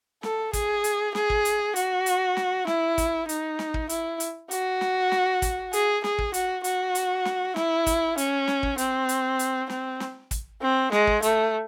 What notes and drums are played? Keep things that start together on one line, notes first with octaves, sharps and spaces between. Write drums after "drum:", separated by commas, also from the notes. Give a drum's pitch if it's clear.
A4, drum: snare
G#4, drum: kick, hi-hat
drum: hi-hat
G#4, drum: snare
drum: kick
drum: hi-hat
F#4, drum: hi-hat
drum: hi-hat
drum: snare
E4, drum: snare
drum: kick, hi-hat
D#4, drum: hi-hat
drum: snare
drum: kick
E4, drum: hi-hat
drum: hi-hat
F#4, drum: hi-hat
drum: snare
drum: snare
drum: kick, hi-hat
G#4, drum: hi-hat
G#4, drum: snare
drum: kick
F#4, drum: hi-hat
F#4, drum: hi-hat
drum: hi-hat
drum: snare
E4, drum: snare
drum: kick, hi-hat
C#4, drum: hi-hat
drum: snare
drum: kick
C4, drum: hi-hat
drum: hi-hat
drum: hi-hat
C4, drum: snare
drum: snare
drum: kick, hi-hat
C4
G#3, drum: snare
drum: kick
A3, drum: hi-hat